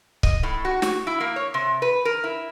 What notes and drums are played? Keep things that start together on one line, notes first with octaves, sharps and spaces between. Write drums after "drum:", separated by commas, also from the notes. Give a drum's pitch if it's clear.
D#5, drum: kick
A2
F#4
F#4, drum: snare
E4
A#3
C#5
C3
B4
A#4
E4